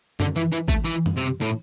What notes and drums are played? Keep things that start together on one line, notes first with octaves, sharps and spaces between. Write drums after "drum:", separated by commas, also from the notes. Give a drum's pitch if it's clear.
D3, drum: tom F#2
E3, drum: hi-hat
E3
A3, drum: kick
E3
drum: tom F#2
C3
A2